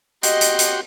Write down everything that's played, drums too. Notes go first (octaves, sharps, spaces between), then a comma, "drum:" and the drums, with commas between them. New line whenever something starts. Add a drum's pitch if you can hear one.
F#4 G4 D#5 C6, drum: hi-hat
drum: hi-hat
drum: hi-hat